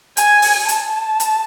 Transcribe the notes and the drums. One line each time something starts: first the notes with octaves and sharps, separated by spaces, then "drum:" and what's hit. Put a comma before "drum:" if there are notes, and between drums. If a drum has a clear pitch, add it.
G#5, drum: hi-hat
drum: open hi-hat
A5, drum: hi-hat
drum: hi-hat